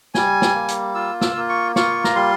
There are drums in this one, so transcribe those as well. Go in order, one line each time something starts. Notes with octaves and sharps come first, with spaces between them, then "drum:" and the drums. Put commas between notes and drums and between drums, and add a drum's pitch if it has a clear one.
G3 G#5, drum: snare
drum: snare
A#3
drum: hi-hat
F4 E6
E6, drum: snare
A#3
C#6
F4 C#6, drum: snare
A#5, drum: snare
G3 C6